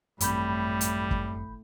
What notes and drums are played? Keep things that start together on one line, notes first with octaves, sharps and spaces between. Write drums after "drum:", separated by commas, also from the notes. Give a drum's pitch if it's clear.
G#1 F#2 A2 G3 C4 B5 G6, drum: hi-hat
drum: hi-hat
drum: kick